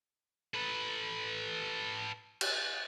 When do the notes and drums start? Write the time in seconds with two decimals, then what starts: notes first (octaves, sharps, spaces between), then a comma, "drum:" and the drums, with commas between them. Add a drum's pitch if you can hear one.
0.54 A4 B4
2.41 drum: cymbal